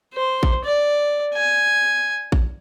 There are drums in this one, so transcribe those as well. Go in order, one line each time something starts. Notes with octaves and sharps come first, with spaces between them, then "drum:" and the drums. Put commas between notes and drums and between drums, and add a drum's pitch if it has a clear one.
C5
drum: kick A1
D5
G#5
drum: kick A1